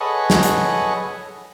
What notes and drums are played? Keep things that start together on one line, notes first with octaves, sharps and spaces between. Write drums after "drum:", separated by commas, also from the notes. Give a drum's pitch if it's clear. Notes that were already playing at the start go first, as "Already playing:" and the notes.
G#4 A4 B4 C#5 D#5 F#5
drum: snare
drum: hi-hat